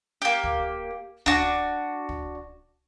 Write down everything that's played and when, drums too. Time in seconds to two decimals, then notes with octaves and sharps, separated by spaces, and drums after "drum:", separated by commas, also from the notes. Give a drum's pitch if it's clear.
0.22 A#3 G4
0.43 drum: kick
1.26 D4 F#4, drum: kick
2.09 drum: kick